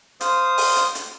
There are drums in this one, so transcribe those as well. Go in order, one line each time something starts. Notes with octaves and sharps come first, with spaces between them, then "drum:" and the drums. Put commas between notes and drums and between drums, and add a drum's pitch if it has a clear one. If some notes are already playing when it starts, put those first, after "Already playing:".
C5 F5 D#6, drum: hi-hat
drum: open hi-hat
drum: hi-hat
drum: hi-hat